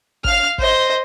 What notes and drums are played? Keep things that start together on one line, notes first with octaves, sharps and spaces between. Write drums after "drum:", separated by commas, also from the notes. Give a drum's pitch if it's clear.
F5 F6, drum: kick
C5 D#5, drum: kick